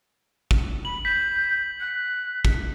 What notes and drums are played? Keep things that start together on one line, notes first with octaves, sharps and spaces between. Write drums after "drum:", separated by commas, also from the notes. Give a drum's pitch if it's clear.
drum: kick
B5 F#7
G6 B6
F#6
drum: kick